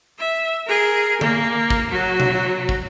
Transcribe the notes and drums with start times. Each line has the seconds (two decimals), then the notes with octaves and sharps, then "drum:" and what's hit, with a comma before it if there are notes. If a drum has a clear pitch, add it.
0.19 E5
0.67 G#4 A#4
1.21 A#3, drum: tom D3
1.70 drum: kick
1.91 F#3 F#4
2.20 drum: tom B2
2.69 drum: kick